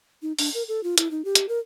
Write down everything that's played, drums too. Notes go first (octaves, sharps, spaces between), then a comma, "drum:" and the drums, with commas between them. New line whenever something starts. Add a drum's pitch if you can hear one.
D#4
D4, drum: open hi-hat
A#4
A4
F4
E4, drum: hi-hat
D#4
G4
drum: hi-hat
A#4